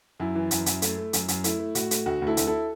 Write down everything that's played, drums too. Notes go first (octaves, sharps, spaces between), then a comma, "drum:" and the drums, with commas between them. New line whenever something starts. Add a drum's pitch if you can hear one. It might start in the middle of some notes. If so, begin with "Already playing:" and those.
F#2 E4
E3
F#2, drum: hi-hat
F#2, drum: hi-hat
A3, drum: hi-hat
A3
F#2, drum: hi-hat
F#2, drum: hi-hat
A3 E4, drum: hi-hat
A3
A2 F#4, drum: hi-hat
A3, drum: hi-hat
D2 F#4
D2
E4 A4
D2, drum: hi-hat
E4 A4